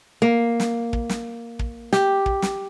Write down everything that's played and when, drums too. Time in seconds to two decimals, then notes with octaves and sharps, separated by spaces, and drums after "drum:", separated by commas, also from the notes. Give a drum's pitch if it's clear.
0.22 A#3
0.60 drum: snare
0.93 drum: kick
1.10 drum: snare
1.59 drum: kick
1.93 G4, drum: snare
2.26 drum: kick
2.42 drum: snare